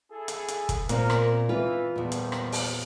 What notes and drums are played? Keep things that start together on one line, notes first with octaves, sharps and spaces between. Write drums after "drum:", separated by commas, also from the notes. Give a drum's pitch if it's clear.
E4 G#4 A4
drum: hi-hat
drum: hi-hat
drum: kick, hi-hat
A#2 C4 A#4, drum: hi-hat
drum: rim click
E3 F4 B4
E2 A#2 D#3 F3 G3
drum: hi-hat
drum: rim click
drum: open hi-hat